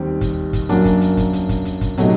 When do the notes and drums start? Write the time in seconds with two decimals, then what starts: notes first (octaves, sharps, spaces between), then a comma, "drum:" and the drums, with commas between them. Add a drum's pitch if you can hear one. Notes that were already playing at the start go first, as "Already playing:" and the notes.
Already playing: D#2 D#3 G3 C4
0.21 drum: kick, hi-hat
0.53 drum: kick, hi-hat
0.69 F#2 F#3 A#3 D4, drum: hi-hat
0.85 drum: kick, hi-hat
1.01 drum: hi-hat
1.17 drum: kick, hi-hat
1.33 drum: hi-hat
1.49 drum: kick, hi-hat
1.65 drum: hi-hat
1.81 drum: kick, hi-hat
1.97 C3 F#3 A3 D#4, drum: hi-hat